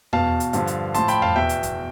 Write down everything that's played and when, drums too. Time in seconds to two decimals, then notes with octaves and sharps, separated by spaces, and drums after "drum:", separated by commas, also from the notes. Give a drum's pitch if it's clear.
0.13 E2 B2 F5 A5, drum: tom E2
0.40 drum: hi-hat
0.53 G2 D3 F3, drum: hi-hat
0.67 drum: hi-hat
0.94 A2 F3 A5 C6, drum: hi-hat
1.08 G5 B5, drum: hi-hat
1.22 F5 A5, drum: tom E2
1.36 E2 B2 E5 G5
1.49 drum: hi-hat
1.63 drum: kick F#2, hi-hat